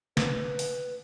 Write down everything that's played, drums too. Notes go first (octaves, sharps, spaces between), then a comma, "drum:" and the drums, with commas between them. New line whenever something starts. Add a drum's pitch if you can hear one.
B4, drum: snare
drum: open hi-hat